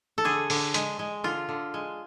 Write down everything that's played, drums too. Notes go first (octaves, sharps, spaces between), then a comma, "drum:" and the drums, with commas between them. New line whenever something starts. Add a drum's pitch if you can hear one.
A4
D3 G#4
D3, drum: open hi-hat
G#3, drum: hi-hat
G#3
D3 F4
D3
G#3